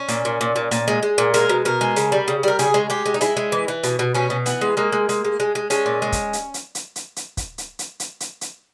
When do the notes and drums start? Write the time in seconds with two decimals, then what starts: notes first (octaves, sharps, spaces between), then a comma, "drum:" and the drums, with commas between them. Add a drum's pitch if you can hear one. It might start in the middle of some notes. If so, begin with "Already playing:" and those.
Already playing: C#4
0.09 A#2, drum: hi-hat
0.25 A#2
0.41 A#2
0.56 A#2
0.71 A#2, drum: hi-hat
0.88 G#3
1.03 G#3
1.18 A#2
1.34 G#3 A#4, drum: hi-hat
1.49 B2
1.65 B2 A#4
1.81 G#3
1.96 C#3, drum: hi-hat
2.12 G3
2.28 C#3
2.43 G3 A#4
2.59 C#3 G#4, drum: hi-hat
2.74 G#3
2.90 G#3 G4
3.06 G#3
3.14 D#4
3.21 G#3 E4, drum: hi-hat
3.37 G#3
3.52 E3
3.68 E3
3.84 B2, drum: hi-hat
3.99 B2
4.15 B2 C#4
4.30 B2
4.46 E3 B3, drum: hi-hat
4.61 G#3
4.77 G#3 A#3
4.92 G#3
5.09 G#3, drum: hi-hat
5.25 G#3
5.40 G#3
5.55 G#3
5.70 G#3 C#4, drum: hi-hat
5.86 A#2
6.02 G#3
6.12 drum: kick, hi-hat
6.33 drum: hi-hat
6.54 drum: hi-hat
6.75 drum: hi-hat
6.96 drum: hi-hat
7.16 drum: hi-hat
7.37 drum: kick, hi-hat
7.58 drum: hi-hat
7.79 drum: hi-hat
8.00 drum: hi-hat
8.20 drum: hi-hat
8.41 drum: hi-hat